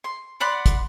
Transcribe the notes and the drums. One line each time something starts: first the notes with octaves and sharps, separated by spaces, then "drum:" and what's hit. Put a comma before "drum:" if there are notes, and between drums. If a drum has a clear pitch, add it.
C6
D5 F#5 B5 C6
drum: kick, hi-hat